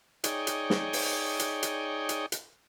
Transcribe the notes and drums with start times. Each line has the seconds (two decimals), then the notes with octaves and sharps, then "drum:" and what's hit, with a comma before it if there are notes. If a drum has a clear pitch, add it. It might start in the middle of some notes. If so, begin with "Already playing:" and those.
0.24 D#4 G#4 C#5 D5 G5, drum: hi-hat
0.47 drum: hi-hat
0.70 drum: snare
0.93 drum: open hi-hat
1.39 drum: hi-hat
1.63 drum: hi-hat
2.09 drum: hi-hat
2.32 drum: hi-hat